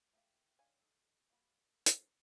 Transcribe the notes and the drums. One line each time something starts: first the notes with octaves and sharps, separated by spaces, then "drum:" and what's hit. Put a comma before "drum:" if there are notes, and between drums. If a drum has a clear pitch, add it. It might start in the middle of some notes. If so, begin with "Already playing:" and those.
A3 G4 F5
D#3 D4 C#5 F5 G#5
D#4 A4
A#3 F#4 D5 B5
drum: hi-hat